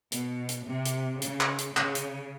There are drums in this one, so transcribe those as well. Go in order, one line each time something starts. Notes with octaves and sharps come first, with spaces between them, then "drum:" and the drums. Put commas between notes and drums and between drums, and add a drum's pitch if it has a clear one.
B2, drum: hi-hat
drum: hi-hat
C3
drum: hi-hat
C#3, drum: hi-hat
drum: clap
drum: hi-hat
C#3, drum: clap
drum: hi-hat